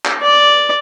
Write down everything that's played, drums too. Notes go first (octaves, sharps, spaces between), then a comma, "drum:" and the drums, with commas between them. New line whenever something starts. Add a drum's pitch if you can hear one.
drum: clap
D5